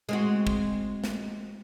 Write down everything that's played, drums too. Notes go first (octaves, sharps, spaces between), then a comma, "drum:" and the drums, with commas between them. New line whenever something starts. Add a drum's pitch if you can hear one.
G#3 C4 F#4
drum: kick
drum: snare